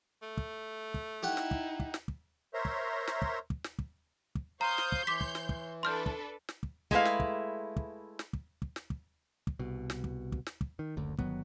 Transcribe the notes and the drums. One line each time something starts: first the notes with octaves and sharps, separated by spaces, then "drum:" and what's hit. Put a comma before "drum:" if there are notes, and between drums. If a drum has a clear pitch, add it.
A3
drum: kick
drum: kick
D#4 E4 G4 F#5
drum: snare
drum: kick
drum: kick
drum: snare
drum: kick
A#4 C5 C#5 E5 A#5 C6
drum: kick
drum: snare
drum: kick
drum: kick
drum: snare
drum: kick
drum: kick
C5 C#5 F5 A#5 C6 D#6 G6
drum: snare
drum: kick
E3 D6 B6
drum: kick
drum: snare
drum: kick
D4 A4 B4 C6 F6 G6
drum: kick
drum: snare
drum: kick
G#3 A3 E4 G4 B4 F5, drum: kick
drum: snare
drum: kick
drum: kick
drum: snare
drum: kick
drum: kick
drum: snare
drum: kick
drum: kick
C2 B2
drum: snare
drum: kick
drum: kick
drum: snare
drum: kick
D#3
F#1 D2 D3
G1 D#3 F#3 B3, drum: kick